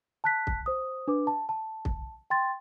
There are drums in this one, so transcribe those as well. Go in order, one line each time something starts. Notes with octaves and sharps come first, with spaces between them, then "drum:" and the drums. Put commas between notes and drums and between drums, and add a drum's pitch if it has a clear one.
A5 F#6 B6
drum: kick
C5 D#6
D4 B4 D6
A5
A5
drum: kick
G5 C6 A6